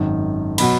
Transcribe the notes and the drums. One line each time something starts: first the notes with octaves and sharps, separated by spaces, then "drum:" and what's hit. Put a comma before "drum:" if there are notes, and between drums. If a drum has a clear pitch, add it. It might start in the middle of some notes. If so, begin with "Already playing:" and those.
Already playing: G#1 F#2 D#3
B2 F#3 B5, drum: cymbal